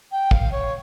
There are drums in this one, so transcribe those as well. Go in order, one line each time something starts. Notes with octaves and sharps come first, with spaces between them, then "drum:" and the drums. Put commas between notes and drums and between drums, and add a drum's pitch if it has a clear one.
G5
F5, drum: kick
C#5